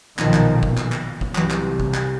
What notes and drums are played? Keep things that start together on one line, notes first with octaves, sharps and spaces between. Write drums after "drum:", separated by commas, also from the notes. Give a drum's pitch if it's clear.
B1 A#2 D#3 F3, drum: clap
drum: clap
drum: kick
drum: clap
drum: clap
drum: kick
C2 C3 E3 F#3, drum: clap
drum: clap
drum: kick
drum: clap